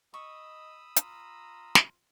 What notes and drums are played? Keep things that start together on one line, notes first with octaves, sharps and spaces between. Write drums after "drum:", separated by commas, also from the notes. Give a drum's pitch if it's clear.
D#5 B5 C#6 D#6 E6
F4 A#5, drum: hi-hat
drum: snare